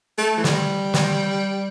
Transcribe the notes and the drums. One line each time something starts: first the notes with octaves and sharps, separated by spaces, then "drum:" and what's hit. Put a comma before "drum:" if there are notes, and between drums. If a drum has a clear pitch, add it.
A3
E3
G3, drum: snare
drum: snare